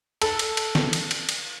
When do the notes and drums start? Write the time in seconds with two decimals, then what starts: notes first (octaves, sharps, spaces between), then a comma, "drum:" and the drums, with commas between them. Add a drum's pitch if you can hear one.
0.22 A4, drum: cymbal
0.39 drum: cymbal
0.57 drum: cymbal
0.75 drum: snare
0.93 drum: cymbal
1.11 drum: cymbal
1.29 drum: cymbal